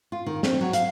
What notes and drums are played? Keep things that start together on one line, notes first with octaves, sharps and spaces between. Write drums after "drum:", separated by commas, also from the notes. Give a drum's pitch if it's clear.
F4
D#3
C4, drum: snare
F#3
F5, drum: hi-hat